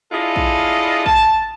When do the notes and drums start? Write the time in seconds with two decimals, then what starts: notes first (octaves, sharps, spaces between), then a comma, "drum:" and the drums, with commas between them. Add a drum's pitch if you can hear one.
0.12 D4 E4 F4 G#4 A4 D#5
0.36 drum: kick
1.06 A5, drum: kick